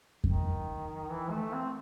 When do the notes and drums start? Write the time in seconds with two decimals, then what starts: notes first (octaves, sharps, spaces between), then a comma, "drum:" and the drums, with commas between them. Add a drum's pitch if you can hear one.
0.24 D#3, drum: kick F2
1.10 E3
1.31 A3
1.53 C4